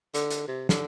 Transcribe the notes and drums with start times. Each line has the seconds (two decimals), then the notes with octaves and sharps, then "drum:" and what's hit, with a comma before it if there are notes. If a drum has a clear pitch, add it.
0.14 D3, drum: hi-hat
0.31 drum: hi-hat
0.48 C3
0.69 D3, drum: snare